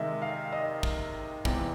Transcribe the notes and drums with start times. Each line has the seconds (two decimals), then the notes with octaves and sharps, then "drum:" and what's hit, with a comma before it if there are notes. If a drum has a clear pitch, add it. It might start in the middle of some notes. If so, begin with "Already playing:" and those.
Already playing: C3 D#3 G#3 D#5 E5
0.22 F5
0.52 D#5
0.83 drum: kick
1.45 E2 C3 E3, drum: kick